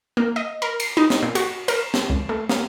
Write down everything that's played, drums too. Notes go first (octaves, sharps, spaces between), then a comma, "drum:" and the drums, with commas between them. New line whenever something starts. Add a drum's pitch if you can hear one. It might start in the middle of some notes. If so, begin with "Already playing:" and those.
A#3
D#5
A#4
C7, drum: cymbal
D#4
drum: snare
A#2
F#4, drum: cymbal
A#4, drum: cymbal
drum: snare
C#2
A3
A#3, drum: snare